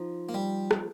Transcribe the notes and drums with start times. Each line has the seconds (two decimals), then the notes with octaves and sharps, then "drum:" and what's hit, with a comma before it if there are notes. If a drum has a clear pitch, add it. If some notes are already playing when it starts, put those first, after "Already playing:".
Already playing: F3 D#4
0.29 A#3
0.34 G3
0.71 drum: rim click